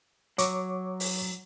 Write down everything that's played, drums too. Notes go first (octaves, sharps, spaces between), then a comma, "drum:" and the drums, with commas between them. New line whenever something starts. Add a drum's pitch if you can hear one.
F#3 C#5 C#6 D6, drum: hi-hat
drum: open hi-hat